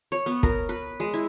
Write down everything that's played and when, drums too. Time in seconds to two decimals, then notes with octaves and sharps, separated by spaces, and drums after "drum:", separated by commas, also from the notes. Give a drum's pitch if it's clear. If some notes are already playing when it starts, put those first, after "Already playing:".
0.12 C#5
0.26 B3
0.43 A#4, drum: kick
0.69 B4
1.00 G#3
1.14 E4